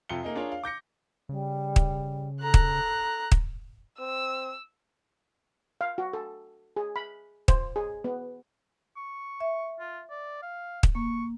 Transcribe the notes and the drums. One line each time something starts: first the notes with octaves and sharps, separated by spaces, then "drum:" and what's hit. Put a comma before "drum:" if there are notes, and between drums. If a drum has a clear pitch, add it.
F2 C3 F4 C#7 G7
A#3 D#4 G#4
D4 F4 G#4 A#4 C#5 D5
F5
D6 G6 A#6 C#7
C#3 G3
drum: kick
A4 A#5 F#6
drum: kick
drum: kick
C4 E6
F5
F#4
A4
G#4
B5
C5, drum: kick
G#4
B3
C#6
E5
F4
D5
F5
drum: kick
A#3 C#6